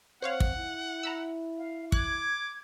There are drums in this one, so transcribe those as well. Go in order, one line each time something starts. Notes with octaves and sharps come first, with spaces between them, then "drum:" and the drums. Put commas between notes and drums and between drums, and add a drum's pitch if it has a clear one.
C4 C5 C#5 F5 F#5
drum: kick
E4
A#5 B5 E6
F5
D6 F#6 G#6, drum: kick